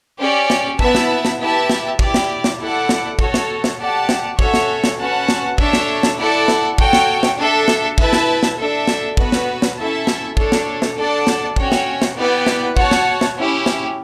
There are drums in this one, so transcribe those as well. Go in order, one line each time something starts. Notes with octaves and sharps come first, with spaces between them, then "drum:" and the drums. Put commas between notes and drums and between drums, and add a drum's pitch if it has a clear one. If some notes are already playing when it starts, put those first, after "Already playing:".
C#4 G4 D5
drum: snare
B3 E4 B4 E5 A5, drum: kick
drum: snare
drum: snare
E4 G4 B4 E5 A5
drum: snare
E4 G4 D5, drum: kick
drum: snare
drum: snare
E4 A4 D5 F#5
drum: snare
F#4 A4 C#5, drum: kick
drum: snare
drum: snare
G4 D5 F#5 A5
drum: snare
C#4 F#4 A4 C#5 E5, drum: kick
drum: snare
drum: snare
C#4 F#4 B4 F#5 A5
drum: snare
D4 A4 C#5 E5 A5, drum: kick
drum: snare
drum: snare
E4 A4 D5 F#5 A5
drum: snare
F#4 A4 C#5 G5, drum: kick
drum: snare
drum: snare
D4 A4 E5
drum: snare
E4 B4 E5 A5, drum: kick
drum: snare
drum: snare
D4 A4 E5
drum: snare
B3 F#4 B4, drum: kick
drum: snare
drum: snare
C#4 E4 A4 E5 A5
drum: snare
D4 A4 C#5, drum: kick
drum: snare
drum: snare
D4 A4 D5 F#5 A5
drum: snare
C#4 F#4 C#5 G5, drum: kick
drum: snare
drum: snare
B3 E4 G4 B4 D5
drum: snare
F#4 C#5 F#5 A5, drum: kick
drum: snare
drum: snare
C#4 E4 G4
drum: snare